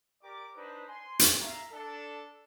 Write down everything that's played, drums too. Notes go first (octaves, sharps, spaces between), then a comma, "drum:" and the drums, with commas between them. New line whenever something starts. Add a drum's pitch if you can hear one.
G4 A#4 D5 D6
D4 D#4 B4 C5 B5
G#5 C6
drum: hi-hat
E5 F5 A#5
D4 A4